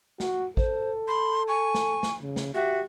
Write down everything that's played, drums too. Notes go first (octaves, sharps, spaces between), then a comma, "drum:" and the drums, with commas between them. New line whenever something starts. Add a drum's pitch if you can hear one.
F#4, drum: snare
A4 C5, drum: kick A1
B5 C6
G#5 C#6
drum: snare
drum: snare
C#3
drum: snare
F#4 G4 E5